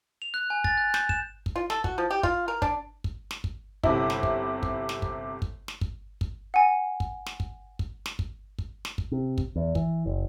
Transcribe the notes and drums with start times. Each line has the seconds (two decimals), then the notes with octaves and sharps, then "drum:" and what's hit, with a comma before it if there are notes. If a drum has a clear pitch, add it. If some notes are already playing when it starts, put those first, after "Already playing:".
0.22 F7
0.34 F#6
0.50 G#5
0.64 A6, drum: kick
0.77 F#6
0.94 G6, drum: snare
1.09 E7, drum: kick
1.46 drum: kick
1.56 F4
1.70 A4, drum: snare
1.84 F#4, drum: kick
1.98 F3
2.11 G4
2.23 F4, drum: kick
2.48 A#4
2.62 D4, drum: kick
3.04 drum: kick
3.31 drum: snare
3.44 drum: kick
3.83 G1 C3 E4, drum: kick
4.10 drum: snare
4.23 drum: kick
4.63 drum: kick
4.89 drum: snare
5.02 drum: kick
5.42 drum: kick
5.68 drum: snare
5.81 drum: kick
6.21 drum: kick
6.54 F#5 G#5
7.00 drum: kick
7.27 drum: snare
7.40 drum: kick
7.79 drum: kick
8.06 drum: snare
8.19 drum: kick
8.58 drum: kick
8.85 drum: snare
8.98 drum: kick
9.12 C3
9.38 drum: kick
9.56 E2
9.75 E3, drum: kick
10.06 F#1